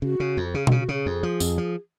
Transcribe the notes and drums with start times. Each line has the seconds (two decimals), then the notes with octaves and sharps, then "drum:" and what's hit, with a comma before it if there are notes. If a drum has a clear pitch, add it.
0.02 C#3 F#4
0.20 C#3
0.37 F2
0.54 C#3 G#4
0.67 F#4, drum: tom B2
0.71 C#3
0.80 F#4
0.89 C#3 G#4
1.06 F2
1.23 F3
1.40 F2, drum: tambourine
1.58 F3